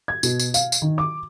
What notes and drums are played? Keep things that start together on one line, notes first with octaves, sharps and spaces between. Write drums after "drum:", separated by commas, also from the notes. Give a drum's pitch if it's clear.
G#6
B2, drum: tambourine
drum: tambourine
F5, drum: tambourine
drum: tambourine
D#3
D6